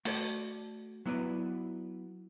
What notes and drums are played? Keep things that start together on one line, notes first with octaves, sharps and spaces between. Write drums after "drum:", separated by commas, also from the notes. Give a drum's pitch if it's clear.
A3 F#4 A4 D5, drum: open hi-hat
F#3 B3 E4 B4 D5